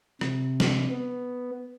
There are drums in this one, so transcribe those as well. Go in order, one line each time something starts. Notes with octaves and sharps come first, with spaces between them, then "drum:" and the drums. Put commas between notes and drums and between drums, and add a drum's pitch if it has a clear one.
C3, drum: rim click
drum: snare
B3